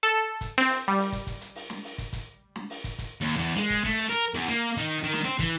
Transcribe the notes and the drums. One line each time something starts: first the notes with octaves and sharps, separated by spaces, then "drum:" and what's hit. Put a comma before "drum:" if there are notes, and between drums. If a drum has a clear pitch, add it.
A4
drum: kick, hi-hat
C4, drum: hi-hat
drum: open hi-hat
G3
drum: open hi-hat
drum: kick, hi-hat
drum: kick, hi-hat
drum: hi-hat
drum: open hi-hat
drum: snare
drum: open hi-hat
drum: kick, hi-hat
drum: kick, hi-hat
drum: snare
drum: open hi-hat
drum: kick, hi-hat
drum: kick, hi-hat
D#2
E2
G#3, drum: open hi-hat
drum: kick, hi-hat
A3, drum: kick
drum: hi-hat
A#4
E2
A#3
D#3
D#3
drum: snare
C4
E3, drum: kick, hi-hat